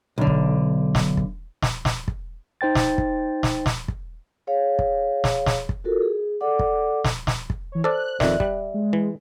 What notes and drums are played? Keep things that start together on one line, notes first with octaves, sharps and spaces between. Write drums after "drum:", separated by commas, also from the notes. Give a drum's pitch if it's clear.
B1 D3
drum: kick
drum: snare
drum: kick
drum: snare
drum: snare
drum: kick
D#4 C5 G5 A6
drum: snare
drum: kick
drum: snare
drum: snare
drum: kick
G#4 C#5 F5
drum: kick
drum: snare
drum: snare
drum: kick
F4 F#4 A4 A#4
G#4
A4 D5 F#5 D6
drum: kick
drum: snare
drum: snare
drum: kick
E3 C#5
A4 C5 D5 F#6
F2 D#3 D5 E5, drum: snare
G3, drum: kick
G#3
E3